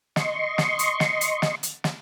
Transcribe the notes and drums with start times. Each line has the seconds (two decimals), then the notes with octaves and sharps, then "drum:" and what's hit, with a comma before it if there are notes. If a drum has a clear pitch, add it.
0.16 D#5 C6 C#6, drum: snare
0.58 drum: snare
0.79 drum: hi-hat
1.00 drum: snare
1.21 drum: hi-hat
1.42 drum: snare
1.63 drum: hi-hat
1.84 drum: snare